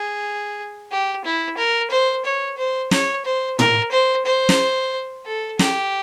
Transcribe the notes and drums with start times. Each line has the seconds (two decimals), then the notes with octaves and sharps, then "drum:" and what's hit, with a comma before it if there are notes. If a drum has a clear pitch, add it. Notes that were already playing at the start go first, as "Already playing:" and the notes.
Already playing: G#4
0.91 G4
1.24 E4
1.58 A#4
1.91 C5
2.25 C#5
2.58 C5
2.91 C#5, drum: snare
3.25 C5
3.59 A#4, drum: tom
3.92 C5
4.25 C5
4.49 drum: snare
5.26 A4
5.59 G4, drum: snare